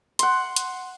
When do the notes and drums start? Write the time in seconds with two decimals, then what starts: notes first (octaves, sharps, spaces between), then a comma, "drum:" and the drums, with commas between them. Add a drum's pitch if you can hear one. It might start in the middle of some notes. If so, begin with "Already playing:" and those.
0.19 F#5 C6, drum: hi-hat
0.56 drum: hi-hat